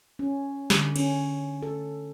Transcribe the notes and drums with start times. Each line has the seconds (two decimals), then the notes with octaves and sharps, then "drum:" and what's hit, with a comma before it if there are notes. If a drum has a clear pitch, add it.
0.19 C#4
0.70 D3, drum: snare
0.96 C#4, drum: cymbal
1.63 A4